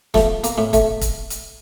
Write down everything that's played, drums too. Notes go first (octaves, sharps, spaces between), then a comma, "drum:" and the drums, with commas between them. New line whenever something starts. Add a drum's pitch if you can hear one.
F3 A3, drum: snare
A#3, drum: hi-hat
A2
A3, drum: kick, hi-hat
drum: kick, hi-hat
drum: hi-hat